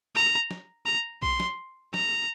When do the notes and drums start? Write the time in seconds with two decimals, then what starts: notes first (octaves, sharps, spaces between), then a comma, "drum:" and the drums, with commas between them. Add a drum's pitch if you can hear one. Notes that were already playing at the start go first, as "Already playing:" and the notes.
0.16 A#5
0.51 drum: snare
0.86 A#5
1.23 C6, drum: kick B1
1.40 drum: snare
1.94 A#5, drum: snare